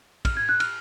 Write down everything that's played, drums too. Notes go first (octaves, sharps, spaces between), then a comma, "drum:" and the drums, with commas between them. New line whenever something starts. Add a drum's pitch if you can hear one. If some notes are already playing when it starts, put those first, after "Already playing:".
F6, drum: kick, cymbal
G#6
F#6
F6, drum: cymbal